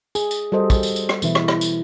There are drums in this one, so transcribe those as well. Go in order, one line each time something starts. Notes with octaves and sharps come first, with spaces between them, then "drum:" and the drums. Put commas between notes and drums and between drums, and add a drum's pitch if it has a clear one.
G#4, drum: tambourine
drum: tambourine
G3 F#4 A4 C5 D#5
drum: kick, tambourine
drum: tambourine
drum: tambourine
drum: rim click
B2 E3 E4, drum: tambourine
drum: rim click
drum: rim click
drum: tambourine